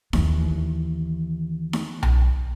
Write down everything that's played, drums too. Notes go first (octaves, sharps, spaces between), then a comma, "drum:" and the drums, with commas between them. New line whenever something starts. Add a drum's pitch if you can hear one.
D#2 E3, drum: snare D#4
drum: snare D#4
drum: tom B1